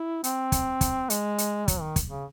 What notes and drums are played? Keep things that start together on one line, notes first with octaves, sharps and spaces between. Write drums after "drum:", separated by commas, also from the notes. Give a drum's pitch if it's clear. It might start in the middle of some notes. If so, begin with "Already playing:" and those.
Already playing: E4
C4, drum: hi-hat
drum: kick, hi-hat
drum: kick, hi-hat
G#3, drum: hi-hat
drum: hi-hat
F#3, drum: kick, hi-hat
D#3
drum: kick, hi-hat
C#3